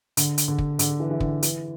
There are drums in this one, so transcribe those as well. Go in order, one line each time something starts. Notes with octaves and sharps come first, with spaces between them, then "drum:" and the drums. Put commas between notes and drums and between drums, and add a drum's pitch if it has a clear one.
D3, drum: hi-hat
drum: hi-hat
D3
drum: kick
D3, drum: hi-hat
E3
E3
D3, drum: kick
E3, drum: hi-hat